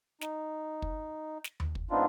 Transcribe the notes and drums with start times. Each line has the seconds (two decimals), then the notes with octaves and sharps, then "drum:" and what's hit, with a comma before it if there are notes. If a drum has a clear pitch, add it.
0.21 D#4, drum: snare
0.82 drum: kick
1.44 drum: snare
1.60 drum: tom D#2
1.75 drum: kick
1.91 G#2 B3 C4 D4 D#4 F4